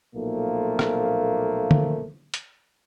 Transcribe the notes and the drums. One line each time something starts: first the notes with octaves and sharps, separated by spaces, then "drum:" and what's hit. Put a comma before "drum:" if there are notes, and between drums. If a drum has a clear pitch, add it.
B1 A#2 F3 A3 A#3
drum: rim click
drum: tom D3
drum: hi-hat